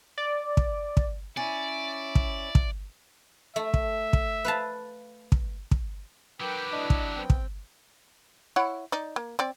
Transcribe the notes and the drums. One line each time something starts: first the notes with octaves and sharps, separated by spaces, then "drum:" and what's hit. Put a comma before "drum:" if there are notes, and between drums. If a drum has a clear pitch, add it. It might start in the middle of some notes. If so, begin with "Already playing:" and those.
D5
drum: kick
drum: kick
C#4 E4 D5
drum: kick
drum: kick
A3 E5
drum: kick
drum: kick
B4 F5 A5
drum: kick
drum: kick
F#3 D4 G4 A#4 B4 G5 D6
A2 D4 E4 D#5
drum: kick
B3 C4 G5
drum: kick
E4 C#5 F#5
D#4 D5
A#3
C4 D5